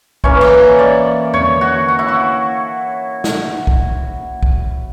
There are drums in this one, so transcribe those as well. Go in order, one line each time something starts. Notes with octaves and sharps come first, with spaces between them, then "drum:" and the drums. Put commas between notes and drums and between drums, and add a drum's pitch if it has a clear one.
E3 A#3 C#4 C#5, drum: kick B1
drum: cymbal
D5
C#5, drum: tom E2
F#4
F#4
E4
F#4
drum: snare
drum: kick B1
drum: kick B1